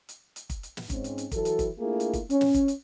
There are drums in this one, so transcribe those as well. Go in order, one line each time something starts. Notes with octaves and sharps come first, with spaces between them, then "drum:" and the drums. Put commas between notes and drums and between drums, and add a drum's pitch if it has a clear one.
drum: hi-hat
drum: hi-hat
drum: kick, hi-hat
drum: hi-hat
drum: snare
G#2 C4 C#4, drum: kick, hi-hat
drum: hi-hat
drum: hi-hat
E3 F#3 F#4 A4, drum: kick, hi-hat
drum: hi-hat
drum: kick, hi-hat
A3 A#3 D4 E4 F4 G#4
drum: hi-hat
drum: kick, hi-hat
C#4, drum: hi-hat
drum: snare
drum: kick, hi-hat
drum: hi-hat